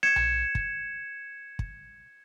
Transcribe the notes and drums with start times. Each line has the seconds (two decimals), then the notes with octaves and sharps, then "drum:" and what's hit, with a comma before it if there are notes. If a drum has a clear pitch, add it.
0.03 G#6 C#7 E7
0.16 drum: tom B1
0.55 drum: kick
1.59 drum: kick